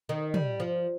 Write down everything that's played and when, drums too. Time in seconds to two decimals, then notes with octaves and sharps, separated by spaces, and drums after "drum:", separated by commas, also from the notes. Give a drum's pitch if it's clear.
0.09 D#3
0.34 G3, drum: tom
0.60 F3